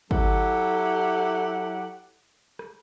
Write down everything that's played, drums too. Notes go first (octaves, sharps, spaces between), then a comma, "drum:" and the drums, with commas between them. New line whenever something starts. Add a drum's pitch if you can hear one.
F#3 E4 G4 A4 F#5, drum: kick
drum: rim click